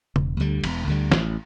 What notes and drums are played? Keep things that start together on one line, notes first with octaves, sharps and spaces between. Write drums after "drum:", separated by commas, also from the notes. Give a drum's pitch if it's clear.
E1, drum: tom C#3
D2 D3 G3
E1, drum: cymbal
D2 D3 G3
A1, drum: snare